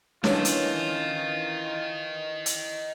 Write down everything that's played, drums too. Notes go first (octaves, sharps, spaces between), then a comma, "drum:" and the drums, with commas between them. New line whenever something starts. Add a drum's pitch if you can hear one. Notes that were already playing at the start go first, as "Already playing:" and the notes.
E3 C#4 D4 F4 A#4 D#5, drum: snare
drum: hi-hat
drum: hi-hat